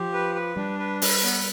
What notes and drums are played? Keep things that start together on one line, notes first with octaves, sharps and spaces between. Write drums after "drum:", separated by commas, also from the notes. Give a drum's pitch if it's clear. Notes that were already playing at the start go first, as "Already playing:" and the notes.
Already playing: F3 G4
B4
B4
G3 D4
B4
B4, drum: open hi-hat
B3